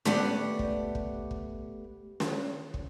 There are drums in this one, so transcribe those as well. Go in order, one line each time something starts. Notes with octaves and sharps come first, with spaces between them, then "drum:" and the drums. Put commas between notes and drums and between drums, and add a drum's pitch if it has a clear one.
A3 B3 G4 D5 F#5, drum: snare
drum: kick
drum: kick
drum: kick
drum: snare
drum: kick